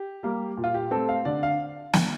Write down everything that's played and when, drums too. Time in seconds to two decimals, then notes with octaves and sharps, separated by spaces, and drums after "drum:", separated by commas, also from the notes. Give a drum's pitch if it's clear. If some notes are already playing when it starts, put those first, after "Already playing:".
Already playing: G4
0.23 G3 A#3
0.57 A#2
0.64 F4
0.74 G4
0.91 A3 C4 A4
1.09 F5
1.25 D3 D5
1.43 F5
1.93 drum: snare